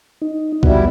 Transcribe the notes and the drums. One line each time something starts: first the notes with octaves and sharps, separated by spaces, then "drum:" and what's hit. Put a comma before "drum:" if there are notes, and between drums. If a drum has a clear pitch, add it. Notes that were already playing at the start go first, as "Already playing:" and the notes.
D#4
G3 B3 E4 F#4, drum: kick B1